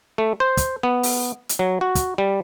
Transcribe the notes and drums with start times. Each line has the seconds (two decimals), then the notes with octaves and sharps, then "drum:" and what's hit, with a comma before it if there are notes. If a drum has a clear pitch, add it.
0.18 A3
0.40 C5
0.57 drum: kick, hi-hat
0.83 B3
1.03 drum: open hi-hat
1.49 drum: hi-hat
1.59 F#3
1.81 F#4
1.95 drum: kick, hi-hat
2.18 G3